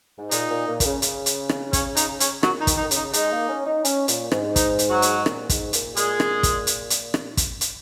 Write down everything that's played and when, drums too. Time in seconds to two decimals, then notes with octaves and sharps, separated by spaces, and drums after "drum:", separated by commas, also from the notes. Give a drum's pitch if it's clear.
0.18 G#2
0.31 A#2 G#3 D#4, drum: hi-hat
0.50 A#2
0.67 A#2
0.80 A#2, drum: kick, hi-hat
0.85 C#3
1.02 C#3, drum: hi-hat
1.26 drum: hi-hat
1.49 drum: rim click
1.73 C#4, drum: kick, hi-hat
1.96 D#4, drum: hi-hat
2.20 C#4, drum: hi-hat
2.43 A#2 F#3 F#4, drum: rim click
2.61 D#4
2.67 D#3, drum: kick, hi-hat
2.78 D#4
2.84 D#3
2.91 C#3, drum: hi-hat
2.97 D#4
3.13 G#3 D#4, drum: hi-hat
3.32 A#3
3.49 C#4
3.67 D#4
3.85 C#4, drum: hi-hat
4.08 A#2, drum: hi-hat
4.32 G#2, drum: rim click
4.56 D#4, drum: kick, hi-hat
4.79 drum: hi-hat
4.90 F#3 F#4
5.02 drum: hi-hat
5.26 A#2, drum: rim click
5.49 G#2, drum: kick, hi-hat
5.73 A#2, drum: hi-hat
5.97 A#2 G#3 G#4, drum: hi-hat
6.20 drum: rim click
6.43 drum: kick, hi-hat
6.67 drum: hi-hat
6.90 drum: hi-hat
7.14 drum: rim click
7.37 drum: kick, hi-hat
7.61 drum: hi-hat